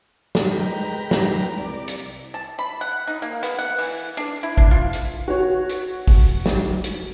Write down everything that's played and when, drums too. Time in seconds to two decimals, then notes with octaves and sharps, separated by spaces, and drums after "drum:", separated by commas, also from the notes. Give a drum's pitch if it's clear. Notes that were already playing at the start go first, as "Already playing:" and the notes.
0.35 drum: snare
0.51 G#3 A#4 B4 G5 A#5
1.11 drum: snare
1.58 C2 D5
1.88 drum: hi-hat
2.34 A5
2.59 B5
2.81 F#5
3.07 D#4
3.22 A#3
3.43 B3, drum: hi-hat
3.59 F#5
3.78 E3, drum: open hi-hat
4.17 D4, drum: hi-hat
4.43 E4
4.58 D4, drum: kick
4.71 F4
4.93 drum: hi-hat
5.28 F#4 C#5
5.69 drum: hi-hat
6.07 drum: kick, open hi-hat
6.46 drum: snare
6.84 drum: hi-hat